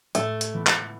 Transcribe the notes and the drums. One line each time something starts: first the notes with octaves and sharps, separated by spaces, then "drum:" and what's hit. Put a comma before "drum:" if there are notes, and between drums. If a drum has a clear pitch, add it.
A2 A3, drum: hi-hat
drum: hi-hat
E3 B3
drum: clap